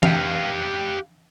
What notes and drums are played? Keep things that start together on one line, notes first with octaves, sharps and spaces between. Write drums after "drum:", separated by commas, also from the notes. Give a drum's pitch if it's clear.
G4 F5, drum: tom E3